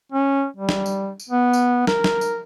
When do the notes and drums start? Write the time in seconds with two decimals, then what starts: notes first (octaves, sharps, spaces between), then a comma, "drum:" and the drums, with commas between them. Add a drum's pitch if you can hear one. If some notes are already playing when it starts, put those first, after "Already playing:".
0.12 C#4
0.57 G3
0.69 drum: snare
0.86 drum: tambourine
1.20 drum: tambourine
1.29 B3
1.53 drum: tambourine
1.87 A#4, drum: snare
2.04 drum: snare
2.21 drum: tambourine